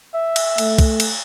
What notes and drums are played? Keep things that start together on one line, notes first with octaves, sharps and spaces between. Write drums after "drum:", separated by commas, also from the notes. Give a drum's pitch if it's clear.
E5
drum: cymbal
A3, drum: cymbal
drum: kick, cymbal
drum: cymbal